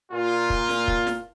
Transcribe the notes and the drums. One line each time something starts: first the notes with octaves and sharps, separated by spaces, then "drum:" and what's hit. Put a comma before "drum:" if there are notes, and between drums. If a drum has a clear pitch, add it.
A#2 F4
drum: kick
drum: snare
drum: kick
drum: snare